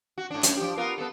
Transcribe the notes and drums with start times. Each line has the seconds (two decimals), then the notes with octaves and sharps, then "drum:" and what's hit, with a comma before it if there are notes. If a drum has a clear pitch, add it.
0.18 F#4
0.31 A2 D4
0.43 F#2 A2 D4, drum: hi-hat
0.57 F3 G4
0.78 B3 F4 A#4
0.98 B3 A4